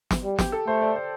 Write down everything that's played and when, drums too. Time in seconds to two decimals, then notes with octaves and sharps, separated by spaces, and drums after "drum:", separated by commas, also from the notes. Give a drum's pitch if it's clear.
0.11 drum: snare
0.24 G3
0.39 G4, drum: snare
0.52 A4
0.67 A3 C5
0.82 D5
0.96 C5